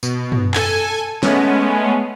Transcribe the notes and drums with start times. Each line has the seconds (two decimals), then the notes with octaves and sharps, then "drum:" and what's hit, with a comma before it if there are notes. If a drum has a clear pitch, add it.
0.03 B2, drum: tambourine
0.32 drum: tom
0.54 A4 G#5, drum: clap
1.23 G#3 A3 B3 C#4, drum: snare